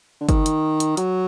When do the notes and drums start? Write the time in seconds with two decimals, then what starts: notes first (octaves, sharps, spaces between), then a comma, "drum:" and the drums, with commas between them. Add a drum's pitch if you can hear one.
0.21 D3
0.29 D#3, drum: kick G1, hi-hat
0.46 drum: hi-hat
0.80 drum: hi-hat
0.97 F#3, drum: hi-hat